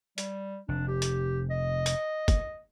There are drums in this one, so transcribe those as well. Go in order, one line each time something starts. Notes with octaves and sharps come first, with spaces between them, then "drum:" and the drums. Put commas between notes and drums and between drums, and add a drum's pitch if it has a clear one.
G3, drum: hi-hat
F1 D4
G4
drum: hi-hat
D#5
drum: hi-hat
drum: kick, hi-hat